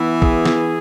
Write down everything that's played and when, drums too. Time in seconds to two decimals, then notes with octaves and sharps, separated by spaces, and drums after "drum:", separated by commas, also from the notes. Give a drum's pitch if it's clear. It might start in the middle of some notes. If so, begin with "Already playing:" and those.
Already playing: E3 B3 E4
0.22 G#4, drum: kick A#1
0.46 drum: snare